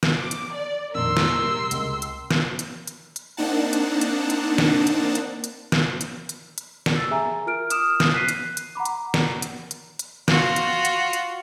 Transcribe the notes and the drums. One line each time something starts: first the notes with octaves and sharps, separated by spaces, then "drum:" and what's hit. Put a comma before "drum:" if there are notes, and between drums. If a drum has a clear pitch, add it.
drum: snare
D6
drum: hi-hat
D5
F2 A#2 D#3 A#4 C6 E6
drum: snare
C3 G3
C#2, drum: hi-hat
drum: hi-hat
drum: snare
drum: hi-hat
drum: hi-hat
drum: hi-hat
A#3 C4 D4 D#4 F#5 A5
drum: hi-hat
drum: hi-hat
drum: hi-hat
drum: snare
drum: hi-hat
drum: hi-hat
drum: hi-hat
drum: snare
drum: hi-hat
drum: hi-hat
drum: hi-hat
drum: snare
E6 A6
G#4 E5 G#5 A#5
F4 A#4 F6 D7
D6 D#6 F6 E7, drum: hi-hat
drum: snare
F#6 B6 C7 D#7
drum: hi-hat
drum: hi-hat
F#5 A#5 B5 D6
drum: hi-hat
drum: snare
drum: hi-hat
drum: hi-hat
drum: hi-hat
F4 F#4, drum: snare
drum: hi-hat
drum: hi-hat
drum: hi-hat